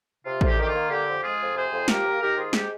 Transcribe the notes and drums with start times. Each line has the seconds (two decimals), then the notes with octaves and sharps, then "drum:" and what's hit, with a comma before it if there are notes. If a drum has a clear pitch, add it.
0.25 C3 F4
0.41 D2, drum: kick A1
0.47 G4
0.57 D#3 G4
0.68 F4
0.74 A#3
0.90 D3 G4
1.07 F2
1.23 G#3 F4 G#4
1.39 F2
1.55 C3 G#4 C5
1.71 F2
1.88 F3 G4 A#4, drum: snare
2.05 A#3
2.21 D#3 G4 A#4
2.37 G#2 F4 G#4
2.53 G#3 G4, drum: snare